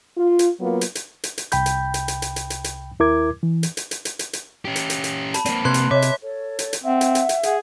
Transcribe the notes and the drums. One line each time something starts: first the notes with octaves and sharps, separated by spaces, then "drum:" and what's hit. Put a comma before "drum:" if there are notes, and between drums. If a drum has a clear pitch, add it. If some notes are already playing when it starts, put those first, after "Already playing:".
F4
drum: hi-hat
F#3 A#3 B3 F4
drum: hi-hat
drum: hi-hat
drum: hi-hat
drum: hi-hat
C2 G5 B5 G6, drum: hi-hat
drum: hi-hat
drum: hi-hat
drum: hi-hat
drum: hi-hat
drum: hi-hat
drum: hi-hat
drum: hi-hat
D#2 E4 A#4 D6 G#6
E3
drum: hi-hat
drum: hi-hat
drum: hi-hat
drum: hi-hat
drum: hi-hat
drum: hi-hat
C#4 G4
drum: hi-hat
drum: hi-hat
drum: hi-hat
A5 B5, drum: hi-hat
A#3 C4 D5 D#7, drum: hi-hat
C3 B4 C6 F#6 G#6
drum: hi-hat
C3 C#5 D#5 E5 D6
drum: hi-hat
A4 C#5
drum: hi-hat
drum: hi-hat
C4 E5 F#5
drum: hi-hat
drum: hi-hat
drum: hi-hat
G#4 F#5, drum: hi-hat